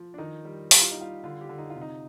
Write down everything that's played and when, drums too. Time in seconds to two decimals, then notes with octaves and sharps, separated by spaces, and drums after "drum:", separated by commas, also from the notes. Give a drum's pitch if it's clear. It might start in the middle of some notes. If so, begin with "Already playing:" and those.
Already playing: F3
0.14 D4
0.18 D#3 D#4
0.45 G3
0.71 G3 G4, drum: open hi-hat
0.81 F4
0.91 D#4
0.97 G3 F4
1.24 D3 F4
1.41 G4
1.49 D3
1.58 D#4
1.70 F4
1.76 C3
1.82 D#4